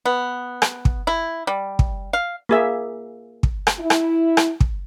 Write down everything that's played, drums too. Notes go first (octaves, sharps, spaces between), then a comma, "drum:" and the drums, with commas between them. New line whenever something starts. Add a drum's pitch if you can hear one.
B3
drum: rim click
drum: kick
E4
G3
drum: kick
F5
A#3 G#4 E5
drum: kick
drum: rim click
E4
drum: rim click
drum: rim click
drum: kick